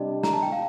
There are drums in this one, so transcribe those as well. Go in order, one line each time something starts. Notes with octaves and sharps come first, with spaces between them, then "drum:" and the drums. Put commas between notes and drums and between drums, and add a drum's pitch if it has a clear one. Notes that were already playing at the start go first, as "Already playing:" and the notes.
Already playing: C3 G3 D4 G4 D#5
A#5, drum: snare
A5
G5
F5